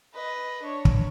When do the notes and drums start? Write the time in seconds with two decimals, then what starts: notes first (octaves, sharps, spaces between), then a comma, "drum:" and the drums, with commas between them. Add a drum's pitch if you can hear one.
0.14 B4 D#5
0.62 D4 C#5
0.85 drum: kick